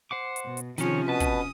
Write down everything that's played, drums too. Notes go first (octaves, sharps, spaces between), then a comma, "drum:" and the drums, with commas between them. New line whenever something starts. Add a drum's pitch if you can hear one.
C5 F#5 D6
drum: hi-hat
B2
drum: hi-hat
C3 D#3 F3 C#4 G#4 C#5, drum: hi-hat
B2 B4 A5 D#6
drum: kick, hi-hat